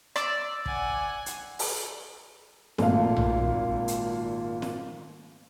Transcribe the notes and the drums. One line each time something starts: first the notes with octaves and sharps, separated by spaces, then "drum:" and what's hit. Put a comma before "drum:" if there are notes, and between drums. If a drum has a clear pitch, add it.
D5 E6, drum: rim click
F#5 G#5, drum: kick
drum: hi-hat
drum: open hi-hat
G#1 A#2 A3 F5, drum: snare
drum: tom A#1
drum: hi-hat
drum: snare